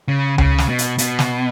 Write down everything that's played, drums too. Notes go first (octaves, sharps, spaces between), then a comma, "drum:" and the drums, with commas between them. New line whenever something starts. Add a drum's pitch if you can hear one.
C#3
C#3, drum: tom C#2
drum: snare
B2
drum: hi-hat
B2, drum: hi-hat
drum: snare